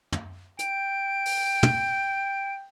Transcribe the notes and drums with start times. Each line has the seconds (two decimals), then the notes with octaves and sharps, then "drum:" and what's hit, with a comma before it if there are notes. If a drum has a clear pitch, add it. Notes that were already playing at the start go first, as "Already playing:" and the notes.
0.12 drum: tom
0.59 G5 D7, drum: hi-hat
1.25 drum: open hi-hat
1.63 drum: tom